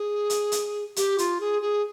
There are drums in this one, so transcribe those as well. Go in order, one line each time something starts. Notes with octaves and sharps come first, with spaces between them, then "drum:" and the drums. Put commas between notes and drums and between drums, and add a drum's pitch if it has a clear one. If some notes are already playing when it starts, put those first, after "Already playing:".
Already playing: G#4
drum: hi-hat
drum: hi-hat
G4, drum: hi-hat
F4, drum: hi-hat
G#4
G#4